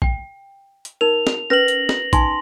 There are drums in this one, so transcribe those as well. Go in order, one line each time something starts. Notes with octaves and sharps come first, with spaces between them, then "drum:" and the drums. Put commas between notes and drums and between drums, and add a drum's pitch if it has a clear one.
G5, drum: kick
drum: hi-hat
D#4 A#4 F7
drum: snare
C#4 B4 A#6 F#7
drum: hi-hat
drum: snare
D#4 G#5 C6, drum: kick, hi-hat